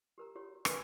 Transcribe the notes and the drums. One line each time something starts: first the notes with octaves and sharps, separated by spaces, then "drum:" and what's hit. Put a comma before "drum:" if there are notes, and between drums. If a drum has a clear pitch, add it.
G4 A#4 A#5
F#4 G4 C#5
F#4 A#4 B4 D#5 G#5 B5, drum: rim click